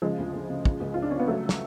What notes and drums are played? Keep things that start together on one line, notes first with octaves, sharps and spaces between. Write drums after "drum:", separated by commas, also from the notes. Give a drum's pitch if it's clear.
C#3 F3 G#3
D2
D2
C#3
C#3, drum: kick
C#2
C#2 F4
D4
C#3 C#4
B3
C#3 F#3 A3
drum: snare